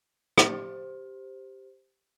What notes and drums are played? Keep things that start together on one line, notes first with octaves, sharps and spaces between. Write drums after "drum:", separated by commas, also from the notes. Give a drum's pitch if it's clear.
G4 C5, drum: rim click